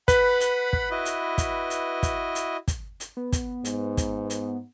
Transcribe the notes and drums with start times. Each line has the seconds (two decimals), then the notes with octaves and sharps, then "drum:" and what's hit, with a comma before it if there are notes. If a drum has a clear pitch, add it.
0.08 B4 F#5 B5, drum: kick, hi-hat
0.40 drum: hi-hat
0.73 drum: kick
0.91 E4 F#4 D#5
1.05 drum: hi-hat
1.38 drum: kick, hi-hat
1.70 drum: hi-hat
2.03 drum: kick, hi-hat
2.35 drum: hi-hat
2.68 drum: kick, hi-hat
3.00 drum: hi-hat
3.17 B3
3.32 drum: kick, hi-hat
3.65 G#2, drum: hi-hat
3.97 drum: kick, hi-hat
4.30 drum: hi-hat